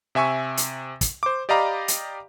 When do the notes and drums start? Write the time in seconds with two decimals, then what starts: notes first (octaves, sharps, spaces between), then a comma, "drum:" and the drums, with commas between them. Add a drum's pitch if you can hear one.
0.15 C3 E5 G#5 C#6
0.57 drum: hi-hat
1.01 drum: kick, hi-hat
1.23 C5 D6
1.49 G4 D5 D#5 F5 A#5 B5
1.88 drum: hi-hat